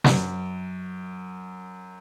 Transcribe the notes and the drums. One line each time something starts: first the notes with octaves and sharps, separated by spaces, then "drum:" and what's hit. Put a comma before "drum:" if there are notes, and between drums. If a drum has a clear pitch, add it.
F#2, drum: snare